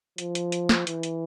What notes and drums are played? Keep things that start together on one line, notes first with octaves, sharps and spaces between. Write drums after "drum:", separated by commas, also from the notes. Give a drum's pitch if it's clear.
F3, drum: hi-hat
drum: hi-hat
drum: hi-hat
drum: snare
E3, drum: hi-hat
drum: hi-hat